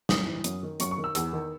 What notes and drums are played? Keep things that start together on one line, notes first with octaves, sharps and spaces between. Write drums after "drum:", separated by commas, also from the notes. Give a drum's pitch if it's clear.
F#2 D#6, drum: snare
E3
F#2, drum: hi-hat
D#3
F#2 C#6, drum: hi-hat
C#6
D#3
E6
E2 E6, drum: hi-hat
D#3